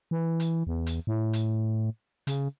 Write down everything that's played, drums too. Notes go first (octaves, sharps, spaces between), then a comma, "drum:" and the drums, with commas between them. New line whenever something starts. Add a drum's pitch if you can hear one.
E3
drum: hi-hat
E2
drum: hi-hat
A2
drum: hi-hat
C#3, drum: hi-hat